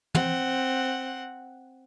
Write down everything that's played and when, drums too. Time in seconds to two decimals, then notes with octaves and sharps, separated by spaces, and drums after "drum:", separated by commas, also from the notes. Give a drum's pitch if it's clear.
0.15 C4 F#5, drum: tom